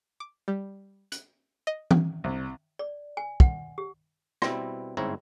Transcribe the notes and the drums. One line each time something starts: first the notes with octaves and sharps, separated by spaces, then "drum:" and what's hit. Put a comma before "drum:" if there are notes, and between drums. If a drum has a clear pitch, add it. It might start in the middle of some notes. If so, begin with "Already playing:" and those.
D6
G3
F#6, drum: hi-hat
D#5
drum: tom E3
C2
D5
G#5
F#5, drum: kick
G4
B2 G3 C4 E4, drum: rim click
G1 G#2 C4 E4 C#5 A#5